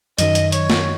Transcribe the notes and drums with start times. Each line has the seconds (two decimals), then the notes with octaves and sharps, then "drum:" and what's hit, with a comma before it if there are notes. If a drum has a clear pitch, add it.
0.19 F#2 D#3 F#3 D#5, drum: hi-hat
0.35 drum: hi-hat
0.52 C#5, drum: hi-hat
0.70 drum: snare